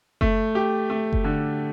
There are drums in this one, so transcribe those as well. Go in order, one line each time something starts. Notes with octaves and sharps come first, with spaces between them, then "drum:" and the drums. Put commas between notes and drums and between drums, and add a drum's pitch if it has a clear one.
A3, drum: kick F#1
G4
A3
drum: kick F#1
D3